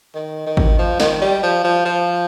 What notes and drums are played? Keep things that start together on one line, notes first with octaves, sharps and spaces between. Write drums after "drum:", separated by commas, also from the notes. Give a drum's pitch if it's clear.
D#3
D#3
drum: kick G#1
F3
D#3, drum: snare
G3
F3
F3
F3